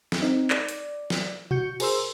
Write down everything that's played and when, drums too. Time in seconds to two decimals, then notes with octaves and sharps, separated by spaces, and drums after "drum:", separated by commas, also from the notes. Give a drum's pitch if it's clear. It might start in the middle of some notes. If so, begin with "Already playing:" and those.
0.12 drum: snare
0.22 C4 D#4
0.50 D5, drum: clap
0.68 drum: hi-hat
1.10 drum: snare
1.51 F#4 G6 C#7, drum: tom B2
1.80 G#4 A#4 C5 C6 E6, drum: cymbal